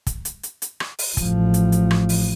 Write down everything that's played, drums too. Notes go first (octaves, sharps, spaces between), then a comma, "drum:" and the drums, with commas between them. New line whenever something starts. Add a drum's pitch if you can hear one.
drum: kick, hi-hat
drum: hi-hat
drum: hi-hat
drum: hi-hat
drum: rim click
drum: open hi-hat
A1 F3, drum: kick, hi-hat
drum: hi-hat
drum: hi-hat
drum: rim click
drum: open hi-hat